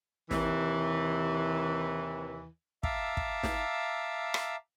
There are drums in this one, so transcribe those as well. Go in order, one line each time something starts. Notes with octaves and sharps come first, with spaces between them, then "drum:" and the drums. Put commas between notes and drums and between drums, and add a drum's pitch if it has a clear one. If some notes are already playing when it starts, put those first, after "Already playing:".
D#2 C3 E3, drum: snare
E5 F5 A5 A#5 D6 E6, drum: kick
drum: kick
drum: snare
drum: rim click